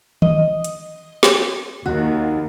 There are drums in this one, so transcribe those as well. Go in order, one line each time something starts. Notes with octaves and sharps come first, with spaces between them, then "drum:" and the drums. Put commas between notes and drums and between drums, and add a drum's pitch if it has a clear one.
D#5, drum: tom
drum: hi-hat
drum: snare
D#2 F#4